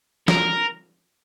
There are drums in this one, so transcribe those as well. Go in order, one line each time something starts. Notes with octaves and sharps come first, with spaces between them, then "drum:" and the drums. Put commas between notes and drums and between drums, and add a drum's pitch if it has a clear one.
A#4, drum: snare